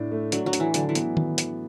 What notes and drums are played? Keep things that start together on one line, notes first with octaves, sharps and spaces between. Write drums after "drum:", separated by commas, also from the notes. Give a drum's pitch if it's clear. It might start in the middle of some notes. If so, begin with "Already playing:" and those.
Already playing: A2 A3 D4
A3
F#3 D4, drum: hi-hat
F#3
D4, drum: hi-hat
E3
D3 F#3, drum: hi-hat
E3
B3, drum: hi-hat
drum: tom D#3
drum: hi-hat